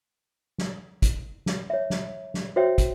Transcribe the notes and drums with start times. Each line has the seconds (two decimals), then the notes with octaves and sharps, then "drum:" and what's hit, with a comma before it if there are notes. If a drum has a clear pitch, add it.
0.58 drum: snare
1.02 drum: kick, hi-hat
1.46 drum: snare
1.70 C#5 E5
1.90 drum: snare
2.34 drum: snare
2.56 F#4 C5 C#5 E5 G5
2.78 drum: kick, hi-hat